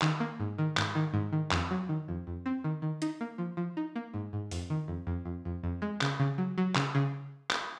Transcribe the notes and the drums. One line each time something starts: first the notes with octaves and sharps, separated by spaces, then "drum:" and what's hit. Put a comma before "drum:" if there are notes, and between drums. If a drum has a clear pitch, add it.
D#3, drum: clap
A#3
G#2
D#3
G#2, drum: clap
D#3
G#2
D#3
F2, drum: clap
F#3
D#3
F2
F2
C4
D#3
D#3
D#4, drum: hi-hat
A#3
F3
F3
D#4
A#3
G#2
G#2
F2, drum: open hi-hat
D#3
F2
F2
F2
F2
F2
G#3
C#3, drum: clap
C#3
F#3
F#3
C#3, drum: clap
C#3
drum: clap